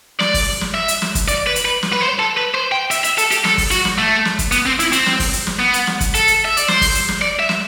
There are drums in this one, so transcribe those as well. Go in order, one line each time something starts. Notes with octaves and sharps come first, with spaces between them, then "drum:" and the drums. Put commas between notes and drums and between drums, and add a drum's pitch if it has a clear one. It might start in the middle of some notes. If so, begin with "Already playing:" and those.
D5, drum: snare
drum: kick, open hi-hat
drum: snare
E5
drum: hi-hat
drum: snare
drum: kick, hi-hat
D5, drum: hi-hat
B4
drum: hi-hat
B4
drum: snare
B4
C5
A4
B4
C5
G5
E5, drum: hi-hat
E5, drum: hi-hat
A4, drum: hi-hat
G4, drum: hi-hat
A4, drum: snare
drum: kick, open hi-hat
F#4, drum: hi-hat
drum: snare
A3
drum: snare
drum: kick, hi-hat
B3, drum: hi-hat
C4
E4, drum: hi-hat
C4, drum: hi-hat
drum: snare
drum: kick, open hi-hat
drum: hi-hat
drum: snare
B3
drum: hi-hat
drum: snare
drum: kick, hi-hat
A4, drum: hi-hat
drum: hi-hat
E5
D5, drum: hi-hat
C5, drum: snare
drum: kick, open hi-hat
drum: hi-hat
drum: snare
D5
E5
drum: snare